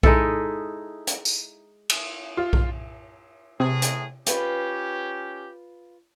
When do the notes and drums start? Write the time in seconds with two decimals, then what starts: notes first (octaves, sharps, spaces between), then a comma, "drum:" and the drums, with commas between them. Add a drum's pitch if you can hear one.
0.03 G#3 D#4 E4 A4, drum: kick B1
1.07 drum: hi-hat
1.25 drum: tambourine
1.90 drum: cymbal
2.37 F4
2.53 drum: kick B1
3.60 A2 C3 E3 G#4
3.82 drum: hi-hat
4.26 C#4 F4 G4 B4, drum: hi-hat